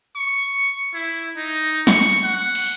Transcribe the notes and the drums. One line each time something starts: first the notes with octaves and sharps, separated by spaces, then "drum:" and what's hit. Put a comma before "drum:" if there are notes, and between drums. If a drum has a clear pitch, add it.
C#6
E4
D#4
C#6, drum: snare
F#5
drum: cymbal